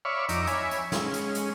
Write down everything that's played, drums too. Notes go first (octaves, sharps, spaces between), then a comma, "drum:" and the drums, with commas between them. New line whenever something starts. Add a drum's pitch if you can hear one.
C#5 D5 E5 F5 B5 C#6
F2 D#4 A#5 D6 E6, drum: hi-hat
C#5 E5 G#5 B5, drum: hi-hat
drum: hi-hat
G#3 C#4, drum: snare
drum: hi-hat
drum: hi-hat